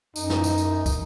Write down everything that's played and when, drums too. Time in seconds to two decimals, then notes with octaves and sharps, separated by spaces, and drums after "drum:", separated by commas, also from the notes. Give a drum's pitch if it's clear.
0.16 F#2 D#4, drum: tambourine
0.30 drum: snare
0.44 drum: tambourine
0.58 drum: tambourine
0.86 drum: kick, tambourine